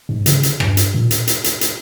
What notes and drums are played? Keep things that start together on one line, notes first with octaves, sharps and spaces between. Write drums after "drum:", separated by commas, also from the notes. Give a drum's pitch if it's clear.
G#2
C#3, drum: hi-hat
drum: hi-hat
G2, drum: rim click
drum: hi-hat
A#2
drum: hi-hat
drum: hi-hat
drum: hi-hat
drum: hi-hat